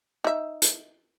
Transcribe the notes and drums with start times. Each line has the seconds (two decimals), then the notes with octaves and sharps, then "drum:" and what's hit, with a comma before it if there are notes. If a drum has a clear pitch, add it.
0.24 D#4 E5
0.62 drum: hi-hat